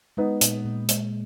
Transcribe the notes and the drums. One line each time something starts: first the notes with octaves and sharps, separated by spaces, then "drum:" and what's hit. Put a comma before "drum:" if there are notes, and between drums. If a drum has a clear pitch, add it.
G#3 B3 D#4
A#2, drum: hi-hat
A#2
G#3, drum: hi-hat